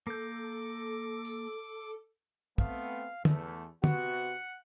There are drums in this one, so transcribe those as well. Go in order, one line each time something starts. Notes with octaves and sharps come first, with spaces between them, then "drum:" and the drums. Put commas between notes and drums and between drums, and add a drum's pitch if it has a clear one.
A#3 A4 D6 G6
drum: tambourine
A3 B3 C4 F5, drum: kick
E2 A3, drum: tom
C3 B3 F#4 F#5, drum: tom